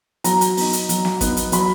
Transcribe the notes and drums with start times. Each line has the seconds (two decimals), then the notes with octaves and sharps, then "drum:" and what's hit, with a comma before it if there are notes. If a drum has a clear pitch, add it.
0.24 F#3 A#5, drum: hi-hat
0.41 drum: hi-hat
0.57 B3 D#4, drum: open hi-hat
0.73 drum: hi-hat
0.89 F#3, drum: hi-hat
1.05 drum: snare
1.21 B3 D#4, drum: kick, hi-hat
1.37 drum: hi-hat
1.52 F#3 B5, drum: hi-hat